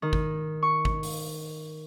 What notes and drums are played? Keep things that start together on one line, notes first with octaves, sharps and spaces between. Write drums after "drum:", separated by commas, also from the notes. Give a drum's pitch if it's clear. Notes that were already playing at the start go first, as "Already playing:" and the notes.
D#3
drum: kick
C#6
drum: kick
drum: open hi-hat